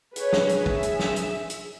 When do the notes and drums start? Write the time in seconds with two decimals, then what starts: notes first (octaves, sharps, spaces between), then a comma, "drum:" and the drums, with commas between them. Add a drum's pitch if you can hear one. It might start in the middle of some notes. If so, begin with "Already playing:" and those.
0.16 G#4 B4 C#5, drum: hi-hat
0.33 drum: snare
0.49 drum: hi-hat
0.66 E5, drum: kick
0.83 drum: hi-hat
0.99 drum: snare
1.16 drum: hi-hat
1.50 drum: hi-hat